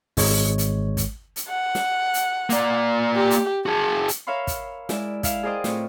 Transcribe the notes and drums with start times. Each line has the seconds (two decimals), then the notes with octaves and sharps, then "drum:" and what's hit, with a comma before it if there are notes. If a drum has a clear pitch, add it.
0.17 G#1 G#3 C#5, drum: kick, open hi-hat
0.58 drum: hi-hat
0.97 drum: kick, hi-hat
1.36 drum: hi-hat
1.48 F#5
1.75 drum: snare
2.14 drum: hi-hat
2.50 A#3 D5, drum: hi-hat
3.16 G4
3.31 drum: hi-hat
3.66 F#4 G#4 A5
4.08 drum: hi-hat
4.27 A#4 C#5 E5 F5 B5 C6
4.47 drum: kick, hi-hat
4.89 G#3 E4 D5 E5, drum: snare
5.23 E4 E5 F5, drum: kick, hi-hat
5.43 G#4 A#4 C5 D5 D#5 G5
5.64 A2 C4 F4, drum: snare